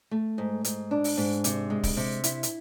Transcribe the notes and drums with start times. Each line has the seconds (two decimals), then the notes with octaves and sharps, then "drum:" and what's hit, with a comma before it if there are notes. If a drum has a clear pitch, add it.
0.11 A3
0.38 G#2
0.64 G#2, drum: hi-hat
0.91 D4
1.04 drum: open hi-hat
1.17 G#2
1.44 C3, drum: hi-hat
1.70 G#3
1.83 drum: kick D1, open hi-hat
1.97 C3
2.24 E4, drum: hi-hat
2.43 drum: hi-hat